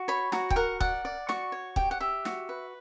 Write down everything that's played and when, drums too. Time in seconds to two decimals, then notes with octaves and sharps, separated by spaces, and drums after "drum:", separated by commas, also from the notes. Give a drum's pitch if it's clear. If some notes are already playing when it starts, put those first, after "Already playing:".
Already playing: F#4
0.08 C#5 B5
0.32 F#4 A#5, drum: snare
0.50 G5, drum: kick
0.56 A#4 F#5
0.80 D5 F#5, drum: kick
1.05 D5
1.29 F#4 C#6, drum: snare
1.52 C#5
1.76 G4 G5, drum: kick
1.91 F#5
2.00 G4 E5
2.25 F#4, drum: snare
2.49 B4